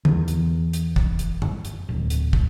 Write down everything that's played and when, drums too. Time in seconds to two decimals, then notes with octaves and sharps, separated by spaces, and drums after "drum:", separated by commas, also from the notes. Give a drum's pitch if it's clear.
0.05 E2, drum: tom
0.28 drum: hi-hat
0.73 drum: hi-hat
0.96 drum: kick
1.19 drum: hi-hat
1.42 drum: tom F#2
1.65 drum: hi-hat
1.89 D1
2.10 drum: hi-hat
2.33 drum: kick